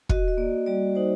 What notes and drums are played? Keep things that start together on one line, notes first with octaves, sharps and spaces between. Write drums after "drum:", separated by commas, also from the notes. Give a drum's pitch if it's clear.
F#4 D#5, drum: kick
D#5
A#3 D5
G3 D5
D#4 C5